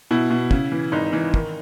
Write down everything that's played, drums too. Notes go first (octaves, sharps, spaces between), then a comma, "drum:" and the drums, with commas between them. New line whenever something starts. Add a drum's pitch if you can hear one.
B2 E4
B2
C#3, drum: kick
E3
G#1 D#4
E3
D#3, drum: kick